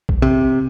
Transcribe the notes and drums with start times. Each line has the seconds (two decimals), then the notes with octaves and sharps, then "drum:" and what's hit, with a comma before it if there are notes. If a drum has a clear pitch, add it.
0.09 drum: kick A#1
0.22 C3